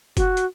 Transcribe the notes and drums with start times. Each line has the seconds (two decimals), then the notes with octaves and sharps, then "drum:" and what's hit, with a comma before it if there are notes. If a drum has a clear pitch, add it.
0.17 F#4, drum: kick F#1, hi-hat
0.37 drum: hi-hat